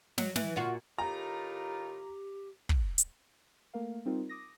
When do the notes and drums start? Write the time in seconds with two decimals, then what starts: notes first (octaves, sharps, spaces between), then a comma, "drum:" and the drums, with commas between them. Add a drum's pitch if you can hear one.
0.18 F#3, drum: snare
0.36 E3, drum: snare
0.56 A#2 F4 F#4
0.98 A2 D#3 F4 G4 A#5
2.69 drum: kick
2.98 drum: hi-hat
3.74 A3 A#3 A#4 F5
4.05 G3 C4 D#4 F4 A#4
4.29 D6 D#6 A#6